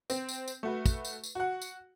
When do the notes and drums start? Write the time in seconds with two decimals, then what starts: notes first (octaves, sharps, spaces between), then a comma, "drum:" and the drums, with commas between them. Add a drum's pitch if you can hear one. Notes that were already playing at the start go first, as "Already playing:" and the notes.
0.10 C4, drum: tambourine
0.29 drum: tambourine
0.48 drum: tambourine
0.63 A3 F#4 B4
0.86 drum: kick, tambourine
1.05 drum: tambourine
1.24 drum: tambourine
1.35 F#4 F#5
1.61 drum: tambourine